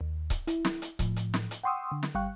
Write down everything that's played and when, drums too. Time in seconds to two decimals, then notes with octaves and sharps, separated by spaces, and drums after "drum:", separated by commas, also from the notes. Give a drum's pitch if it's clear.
0.01 D#2
0.30 drum: kick C#1, hi-hat
0.47 E4, drum: hi-hat
0.65 drum: snare
0.82 drum: hi-hat
0.99 A2 F3, drum: kick C#1, hi-hat
1.16 drum: hi-hat
1.34 drum: snare
1.51 drum: hi-hat
1.64 F#5 G5 C6 C#6 D#6 E6
1.92 D3
2.03 drum: snare
2.15 G1 G3 F5 G5 C#6 F#6